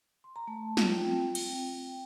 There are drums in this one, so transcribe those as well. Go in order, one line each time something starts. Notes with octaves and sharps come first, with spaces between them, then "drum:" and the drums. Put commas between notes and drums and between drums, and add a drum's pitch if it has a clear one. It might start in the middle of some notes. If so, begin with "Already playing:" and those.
C6
A#5
A3 A5
F4, drum: snare
G5
C4
drum: cymbal